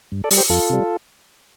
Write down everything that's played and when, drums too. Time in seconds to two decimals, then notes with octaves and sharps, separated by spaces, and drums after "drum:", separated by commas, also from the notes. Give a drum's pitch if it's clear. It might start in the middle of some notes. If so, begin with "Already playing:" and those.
0.12 G2
0.24 A4 D5
0.31 G3, drum: open hi-hat
0.38 G4 C5
0.50 F2 F4 A4
0.70 C3 G3